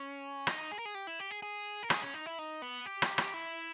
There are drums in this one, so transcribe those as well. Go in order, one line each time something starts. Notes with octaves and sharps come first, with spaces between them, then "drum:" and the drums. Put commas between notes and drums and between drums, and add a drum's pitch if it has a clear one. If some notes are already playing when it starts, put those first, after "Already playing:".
Already playing: C#4
D#4, drum: rim click
G#4
A#4
G#4
G4
E4
G4
G#4
G#4
A#4
G#4, drum: rim click
C#4
D#4
E4
D#4
B3
G4
drum: rim click
drum: rim click
E4